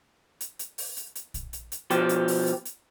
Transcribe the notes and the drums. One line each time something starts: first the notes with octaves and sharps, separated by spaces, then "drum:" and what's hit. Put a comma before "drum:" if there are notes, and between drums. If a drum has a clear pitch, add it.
drum: hi-hat
drum: hi-hat
drum: open hi-hat
drum: hi-hat
drum: hi-hat
drum: kick A#1, hi-hat
drum: hi-hat
drum: hi-hat
B2 F3 G4, drum: hi-hat
drum: hi-hat
drum: open hi-hat
drum: hi-hat
drum: hi-hat